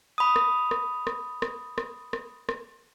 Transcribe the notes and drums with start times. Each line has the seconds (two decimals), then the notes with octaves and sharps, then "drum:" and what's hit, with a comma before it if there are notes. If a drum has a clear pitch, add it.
0.18 B5 D#6
0.36 drum: rim click
0.71 drum: rim click
1.07 drum: rim click
1.42 drum: rim click
1.78 drum: rim click
2.13 drum: rim click
2.49 drum: rim click